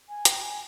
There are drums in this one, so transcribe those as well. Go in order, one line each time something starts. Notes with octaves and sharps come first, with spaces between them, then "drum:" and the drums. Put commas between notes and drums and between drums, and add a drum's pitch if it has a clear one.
G#5
G5, drum: hi-hat
G#5